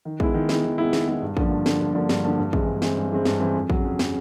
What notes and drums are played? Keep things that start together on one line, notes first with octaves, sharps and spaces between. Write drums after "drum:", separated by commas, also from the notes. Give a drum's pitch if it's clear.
D#3
G#3 B3 E4, drum: kick
D#3
G#3 B3 E4, drum: snare
D#3
G#3 B3 E4
D#3, drum: snare
G#3 B3 E4
G2
D3 F3 A#3 D4, drum: kick
G2
D3 F3 A#3 D4, drum: snare
G2
D3 F3 A#3 D4
G2, drum: snare
D3 F3 A#3 D4
G2
E3 G#3 C4, drum: kick
G2
E3 G#3 C4, drum: snare
G2
E3 G#3 C4
G2, drum: snare
E3 G#3 C4
F2
C#3 F#3, drum: kick
F2
C#3 F#3, drum: snare